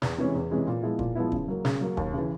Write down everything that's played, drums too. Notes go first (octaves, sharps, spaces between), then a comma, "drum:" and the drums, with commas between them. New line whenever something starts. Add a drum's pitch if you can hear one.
E2, drum: snare
C3 E3 G#3 C#4
E2
C3 E3 G#3 C#4
A#2
F3 G#3 B3 E4
A#2, drum: kick
F3 G#3 B3 E4
C#3, drum: kick
F#3 A#3
C#3, drum: snare
F#3 A#3
D#2, drum: kick
C#3 E3